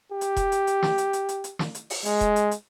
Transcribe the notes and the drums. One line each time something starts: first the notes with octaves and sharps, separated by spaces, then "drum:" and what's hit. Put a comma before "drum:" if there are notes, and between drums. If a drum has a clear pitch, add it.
G4
drum: hi-hat
drum: kick E1, hi-hat
drum: hi-hat
drum: hi-hat
drum: snare
drum: hi-hat
drum: hi-hat
drum: hi-hat
drum: hi-hat
drum: snare
drum: hi-hat
drum: open hi-hat
G#3, drum: hi-hat
drum: kick E1, hi-hat
drum: hi-hat
drum: hi-hat